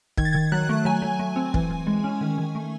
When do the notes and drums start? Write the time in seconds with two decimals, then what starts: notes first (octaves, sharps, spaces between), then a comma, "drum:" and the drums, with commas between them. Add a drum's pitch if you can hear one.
0.17 D#3 G#6, drum: kick
0.25 A6
0.33 D#3 G#6
0.52 F#3 F#6
0.69 A3
0.85 F#3 G#5
1.02 F#3
1.19 A3
1.36 C4
1.54 E3, drum: kick
1.70 E3
1.87 G#3
2.04 C#4
2.21 D#3
2.38 D#3
2.55 A3